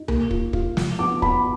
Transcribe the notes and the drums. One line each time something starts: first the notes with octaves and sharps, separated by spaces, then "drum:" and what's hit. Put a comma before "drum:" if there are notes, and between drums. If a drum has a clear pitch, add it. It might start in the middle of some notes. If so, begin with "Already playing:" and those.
Already playing: D#4
A#3, drum: tom C2
F4, drum: kick
F4, drum: kick
F3, drum: snare
B3 D6
B3 B5, drum: kick